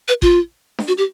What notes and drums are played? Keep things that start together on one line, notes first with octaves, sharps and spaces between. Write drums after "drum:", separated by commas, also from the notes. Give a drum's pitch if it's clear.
B4
F4, drum: kick
drum: snare D4
F#4
G4